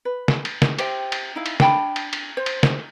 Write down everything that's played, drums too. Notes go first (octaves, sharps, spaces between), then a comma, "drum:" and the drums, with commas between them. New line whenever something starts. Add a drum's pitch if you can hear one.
B4
drum: snare
drum: cymbal
drum: snare
G4 C5 E5 G5, drum: cymbal
drum: cymbal
D#4 E4 F5
drum: cymbal
D4 G5 A5 B5, drum: snare
drum: cymbal
drum: cymbal
C5
drum: cymbal
drum: snare